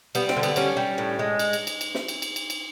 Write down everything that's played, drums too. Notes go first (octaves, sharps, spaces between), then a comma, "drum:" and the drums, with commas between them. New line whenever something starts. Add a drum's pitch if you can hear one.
G3 B3, drum: cymbal
C4, drum: snare
D3
B3, drum: cymbal
G3 C#4, drum: cymbal
G3
A2
G#3
drum: cymbal
drum: cymbal
drum: cymbal
drum: cymbal
drum: snare
drum: cymbal
drum: cymbal
drum: cymbal
drum: cymbal